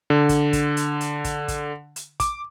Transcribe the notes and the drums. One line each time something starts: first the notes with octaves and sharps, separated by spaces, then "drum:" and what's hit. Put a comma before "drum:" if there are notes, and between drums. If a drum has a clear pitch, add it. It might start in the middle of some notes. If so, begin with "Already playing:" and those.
D3
drum: kick, hi-hat
drum: kick, hi-hat
drum: hi-hat
drum: hi-hat
drum: kick, hi-hat
drum: kick, hi-hat
drum: hi-hat
D6, drum: kick, hi-hat